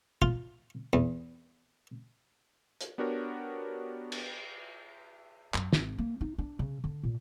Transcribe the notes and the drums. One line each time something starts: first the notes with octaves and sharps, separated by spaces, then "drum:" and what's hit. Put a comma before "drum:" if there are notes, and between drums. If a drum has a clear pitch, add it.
F4, drum: kick
E2
drum: hi-hat
B3 D4 F#4 G4 A#4 C#5
drum: cymbal
F#2, drum: clap
G#1, drum: snare
A#3
D#4
D4
C#3
D3
A#2